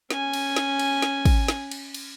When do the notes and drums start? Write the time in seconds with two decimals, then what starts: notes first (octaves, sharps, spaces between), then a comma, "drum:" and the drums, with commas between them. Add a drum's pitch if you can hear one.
0.10 C#4 G#5, drum: snare
0.33 drum: cymbal
0.56 drum: snare
0.79 drum: cymbal
1.02 drum: snare
1.25 drum: kick, cymbal
1.48 drum: snare
1.71 drum: cymbal
1.94 drum: cymbal